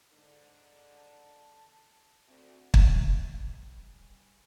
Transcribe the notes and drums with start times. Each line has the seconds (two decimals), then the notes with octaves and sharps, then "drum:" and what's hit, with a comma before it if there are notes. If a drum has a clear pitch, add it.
0.13 G#2 D3
0.97 A5
2.27 D2 C4
2.74 G2 C#3, drum: kick